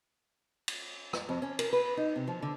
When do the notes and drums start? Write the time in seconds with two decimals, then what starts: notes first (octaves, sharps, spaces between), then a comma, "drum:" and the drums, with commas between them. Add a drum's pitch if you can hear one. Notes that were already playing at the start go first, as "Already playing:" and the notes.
0.68 drum: cymbal
1.13 drum: rim click
1.29 F2
1.42 C#4
1.59 A#4, drum: cymbal
1.73 B4
1.97 D#4
2.16 C3
2.27 F3
2.42 D3